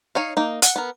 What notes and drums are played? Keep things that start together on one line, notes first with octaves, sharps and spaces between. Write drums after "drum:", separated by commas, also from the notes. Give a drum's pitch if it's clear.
D#4 C#5 F5
A#3 D#4
F#5, drum: hi-hat
B3 A#4